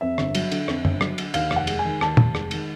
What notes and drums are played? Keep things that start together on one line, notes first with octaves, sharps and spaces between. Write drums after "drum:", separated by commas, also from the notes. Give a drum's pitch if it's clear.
F2 E5
G1, drum: rim click
F#3, drum: cymbal
D3, drum: cymbal
F2, drum: rim click
G1, drum: tom
F#3, drum: rim click
D3, drum: cymbal
D#2 F5, drum: cymbal
F1, drum: rim click
F#5
G#3, drum: cymbal
G#5
D#3
D#2 A5, drum: rim click
F1, drum: tom
G#3, drum: rim click
D#3, drum: cymbal